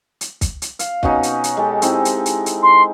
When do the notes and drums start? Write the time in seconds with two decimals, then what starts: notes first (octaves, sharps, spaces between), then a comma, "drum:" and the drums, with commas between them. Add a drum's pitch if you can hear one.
0.21 drum: hi-hat
0.41 drum: kick, hi-hat
0.62 drum: hi-hat
0.79 F5, drum: hi-hat
1.03 B2 C#4 D#4, drum: kick
1.23 drum: hi-hat
1.44 drum: hi-hat
1.57 G#3 G4 A4
1.82 C4 D#4 E4, drum: hi-hat
2.05 drum: hi-hat
2.26 drum: hi-hat
2.46 drum: hi-hat
2.63 C6